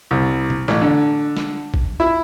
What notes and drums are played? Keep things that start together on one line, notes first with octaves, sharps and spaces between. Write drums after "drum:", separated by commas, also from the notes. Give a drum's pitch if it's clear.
C2
drum: tom B2
A1, drum: snare
D3
drum: snare
drum: kick A1
E4